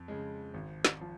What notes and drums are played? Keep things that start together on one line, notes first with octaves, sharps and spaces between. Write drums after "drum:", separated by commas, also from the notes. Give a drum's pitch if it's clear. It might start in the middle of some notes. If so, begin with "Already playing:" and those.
Already playing: F2
C#3 G#3
G#1
drum: snare
F3